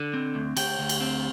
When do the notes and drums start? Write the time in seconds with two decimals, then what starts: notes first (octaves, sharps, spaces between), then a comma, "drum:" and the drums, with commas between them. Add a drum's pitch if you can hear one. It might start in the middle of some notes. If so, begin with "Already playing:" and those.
Already playing: D3
0.14 C4
0.35 D2
0.57 D2 G5, drum: cymbal
0.79 D2
0.89 drum: cymbal
1.00 C4